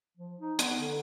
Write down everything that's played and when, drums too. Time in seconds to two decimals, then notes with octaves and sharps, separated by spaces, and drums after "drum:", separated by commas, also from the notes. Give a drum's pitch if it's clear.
0.17 F3
0.39 D#4
0.59 B3, drum: hi-hat
0.78 D3